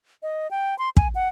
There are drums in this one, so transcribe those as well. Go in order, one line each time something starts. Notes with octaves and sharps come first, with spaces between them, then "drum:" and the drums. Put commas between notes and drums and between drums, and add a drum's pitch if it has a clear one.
D#5
G5
C6
G#5, drum: kick
F#5